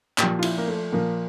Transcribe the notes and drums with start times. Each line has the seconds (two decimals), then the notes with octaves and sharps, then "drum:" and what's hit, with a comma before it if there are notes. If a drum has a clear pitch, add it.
0.18 A#2 F3 G4, drum: clap
0.39 F4
0.43 E4, drum: cymbal
0.58 A#3
0.67 A3
0.92 A#2 F3 A#3